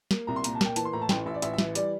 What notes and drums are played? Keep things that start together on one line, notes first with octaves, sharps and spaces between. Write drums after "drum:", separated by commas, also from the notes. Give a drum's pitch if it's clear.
A#3, drum: snare
C2 A#5
C6
A#2 A#5, drum: hi-hat
A5
A#3 G5, drum: snare
E3 A5, drum: hi-hat
C6
A2 A#5
A5
A1 G5, drum: snare
A1 E5
D5
A1 E5, drum: hi-hat
E5
E3, drum: snare
G3 D5, drum: hi-hat